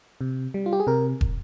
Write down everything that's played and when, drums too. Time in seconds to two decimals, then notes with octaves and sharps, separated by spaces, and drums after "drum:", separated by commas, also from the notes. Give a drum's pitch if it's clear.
0.21 C3
0.54 G3
0.66 F4
0.73 G4
0.80 G#4
0.87 C3 A#4
1.21 drum: kick